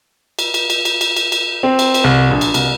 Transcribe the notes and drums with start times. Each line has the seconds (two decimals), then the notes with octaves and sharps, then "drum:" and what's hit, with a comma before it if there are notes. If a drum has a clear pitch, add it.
0.39 drum: cymbal
0.54 drum: cymbal
0.70 drum: cymbal
0.85 drum: cymbal
1.01 drum: cymbal
1.17 drum: cymbal
1.32 drum: cymbal
1.63 C4
1.79 drum: cymbal
1.94 drum: cymbal
2.04 C2
2.31 A#1
2.41 drum: cymbal
2.54 C2, drum: cymbal